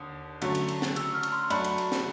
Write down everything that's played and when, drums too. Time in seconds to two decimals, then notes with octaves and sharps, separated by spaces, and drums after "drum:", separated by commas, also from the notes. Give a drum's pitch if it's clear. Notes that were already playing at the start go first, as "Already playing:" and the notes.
Already playing: D#2 D3 D#6
0.42 D3 F#3 A3 C#4, drum: cymbal
0.55 drum: cymbal
0.68 drum: cymbal
0.82 drum: snare
0.96 E6, drum: cymbal
1.14 F6
1.23 drum: cymbal
1.32 C6
1.50 F#3 A3 D4 F#4 B5, drum: cymbal
1.64 drum: cymbal
1.78 drum: cymbal
1.92 drum: snare